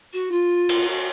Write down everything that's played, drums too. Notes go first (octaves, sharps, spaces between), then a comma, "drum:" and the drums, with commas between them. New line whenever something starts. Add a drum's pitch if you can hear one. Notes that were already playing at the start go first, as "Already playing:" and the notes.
F#4
F4
drum: cymbal
F#4